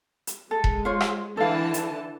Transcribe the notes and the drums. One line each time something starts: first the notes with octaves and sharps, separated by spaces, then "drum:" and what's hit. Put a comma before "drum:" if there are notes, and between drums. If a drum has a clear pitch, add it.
drum: hi-hat
G#3 A4
drum: kick E1
F4 C5 C#5
drum: rim click
D3 E3 A4 F5 A5
drum: hi-hat